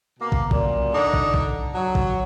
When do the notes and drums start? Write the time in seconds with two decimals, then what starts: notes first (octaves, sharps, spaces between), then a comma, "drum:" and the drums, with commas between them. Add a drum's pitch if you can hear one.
0.19 B2 A#3
0.32 drum: kick
0.51 F#2 A#2, drum: kick
0.92 D3 D4 D#4
1.14 drum: kick
1.34 drum: kick
1.75 F#3
1.95 drum: kick